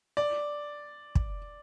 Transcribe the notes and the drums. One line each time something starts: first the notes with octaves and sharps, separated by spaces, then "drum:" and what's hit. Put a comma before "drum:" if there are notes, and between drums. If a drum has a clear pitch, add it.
D5
drum: kick